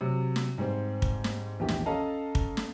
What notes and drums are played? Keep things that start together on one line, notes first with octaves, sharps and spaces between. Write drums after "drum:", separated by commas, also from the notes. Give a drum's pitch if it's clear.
C3 F#3
drum: snare
G#2 G3 C4
drum: kick
drum: snare
A#1 E2 D#3 G4
drum: snare
C#4 A4 D#5 F5 A5 A#5
drum: kick
drum: snare